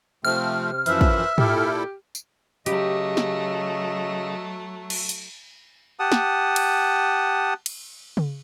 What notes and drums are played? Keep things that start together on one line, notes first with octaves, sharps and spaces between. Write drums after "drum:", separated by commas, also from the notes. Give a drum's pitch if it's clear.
C3 F3 A3 C4 F6
F#2 E3 F3 B4 C5 E5, drum: hi-hat
drum: kick
A#2 E4 G4 A4, drum: tom G#2
drum: tambourine
C#3 F#3 A3 G4 D#5, drum: hi-hat
drum: snare
drum: cymbal
drum: hi-hat
G4 F#5 A5 D#6
drum: snare
drum: cymbal
drum: cymbal
drum: tom C#3